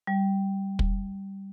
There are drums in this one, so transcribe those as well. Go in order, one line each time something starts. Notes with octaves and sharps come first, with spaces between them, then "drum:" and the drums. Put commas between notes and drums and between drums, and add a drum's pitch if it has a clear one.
G3
drum: kick